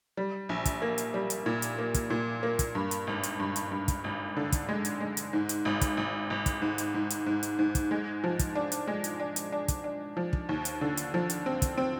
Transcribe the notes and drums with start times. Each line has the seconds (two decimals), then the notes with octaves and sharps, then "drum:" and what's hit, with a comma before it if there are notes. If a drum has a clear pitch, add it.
0.17 G3
0.49 A#1
0.65 drum: kick, hi-hat
0.82 A#3
0.98 drum: hi-hat
1.14 G3
1.30 drum: hi-hat
1.46 A#2
1.62 drum: hi-hat
1.78 A#3
1.94 drum: kick, hi-hat
2.10 A#2
2.43 A#3
2.59 drum: kick, hi-hat
2.75 G2
2.91 drum: hi-hat
3.07 G#1
3.23 drum: hi-hat
3.40 G2
3.56 drum: hi-hat
3.72 G2
3.88 drum: kick, hi-hat
4.04 G#1
4.37 D3
4.52 drum: kick, hi-hat
4.69 G#3
4.85 drum: hi-hat
5.00 G#3
5.17 drum: hi-hat
5.33 G#2
5.49 drum: hi-hat
5.65 G#1
5.81 drum: kick, hi-hat
5.97 G#1
6.30 G#1
6.46 drum: kick, hi-hat
6.62 G#2
6.78 drum: hi-hat
6.94 G#2
7.10 drum: hi-hat
7.26 G#2
7.43 drum: hi-hat
7.59 G#2
7.75 drum: kick, hi-hat
7.91 G#3
8.24 F3
8.39 drum: kick, hi-hat
8.55 D4
8.72 drum: hi-hat
8.87 G#3
9.04 drum: hi-hat
9.20 D4
9.36 drum: hi-hat
9.52 D4
9.68 drum: kick, hi-hat
9.84 D4
10.17 F3
10.33 drum: kick
10.49 D#2
10.65 drum: hi-hat
10.81 D3
10.97 drum: hi-hat
11.14 F3
11.30 drum: hi-hat
11.46 C4
11.62 drum: kick, hi-hat
11.77 C4